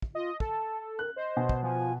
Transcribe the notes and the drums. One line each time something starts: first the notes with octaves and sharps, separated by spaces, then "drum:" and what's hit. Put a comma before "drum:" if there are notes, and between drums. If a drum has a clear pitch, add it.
drum: kick
F4 D#5
A4 A5, drum: kick
A#4 F#6
C5 D#5
B2
drum: kick
F3 G#5